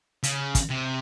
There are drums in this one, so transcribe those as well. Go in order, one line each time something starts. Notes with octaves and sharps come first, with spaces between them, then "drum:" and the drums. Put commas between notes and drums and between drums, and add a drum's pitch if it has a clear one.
C#3, drum: hi-hat
drum: kick, hi-hat
C3